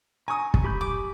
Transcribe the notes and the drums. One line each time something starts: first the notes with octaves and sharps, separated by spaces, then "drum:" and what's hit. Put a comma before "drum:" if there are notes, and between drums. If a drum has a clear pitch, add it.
G#5 A#5 C#6 D#6
drum: kick
G4 B5 G6
D6